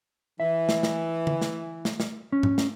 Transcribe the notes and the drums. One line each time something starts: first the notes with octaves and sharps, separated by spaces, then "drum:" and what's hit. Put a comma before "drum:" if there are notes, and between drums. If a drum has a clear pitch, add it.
E3 E5
drum: snare
drum: snare
drum: tom D3
drum: snare
drum: snare
drum: snare
C#4
drum: tom G#2
drum: snare